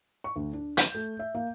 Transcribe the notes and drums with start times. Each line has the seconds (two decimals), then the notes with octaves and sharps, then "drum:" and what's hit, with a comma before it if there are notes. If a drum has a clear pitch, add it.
0.24 C#6
0.36 D2
0.53 D4
0.77 G6, drum: hi-hat
0.95 A3
1.19 E5
1.35 A#3